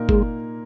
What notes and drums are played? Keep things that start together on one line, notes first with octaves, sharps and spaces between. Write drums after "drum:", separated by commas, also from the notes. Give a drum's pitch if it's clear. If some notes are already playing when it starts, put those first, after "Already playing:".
Already playing: A#2 A#3 D#4 A#4
G#3, drum: kick G1